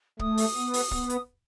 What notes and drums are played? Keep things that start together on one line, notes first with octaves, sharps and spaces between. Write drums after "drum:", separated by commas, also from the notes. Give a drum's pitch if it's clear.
A3 D#6, drum: kick
drum: open hi-hat
B3
drum: open hi-hat
B3, drum: kick
drum: hi-hat